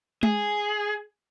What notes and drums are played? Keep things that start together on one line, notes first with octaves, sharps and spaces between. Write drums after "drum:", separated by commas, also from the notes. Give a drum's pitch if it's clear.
G#4, drum: tom G#3